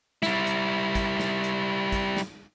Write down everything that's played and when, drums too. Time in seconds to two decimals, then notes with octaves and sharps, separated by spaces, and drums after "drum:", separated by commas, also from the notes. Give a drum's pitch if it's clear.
0.23 G3 E4, drum: snare
0.47 drum: hi-hat
0.95 drum: kick, hi-hat
1.20 drum: snare
1.44 drum: hi-hat
1.92 drum: kick, hi-hat
2.17 drum: snare